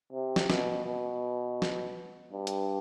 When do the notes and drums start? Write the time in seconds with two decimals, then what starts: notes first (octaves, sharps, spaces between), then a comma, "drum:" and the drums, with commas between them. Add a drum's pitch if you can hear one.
0.13 C3
0.36 drum: snare
0.50 B2, drum: snare
0.86 B2
1.62 drum: snare
2.33 G2
2.47 drum: hi-hat